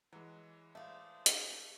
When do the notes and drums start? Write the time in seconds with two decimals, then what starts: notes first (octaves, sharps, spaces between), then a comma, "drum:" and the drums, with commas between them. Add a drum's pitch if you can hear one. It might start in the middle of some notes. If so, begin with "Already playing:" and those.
0.13 E3 F#3 G#3
0.75 A3 G#4 C5 D5 E5 F5
1.26 drum: hi-hat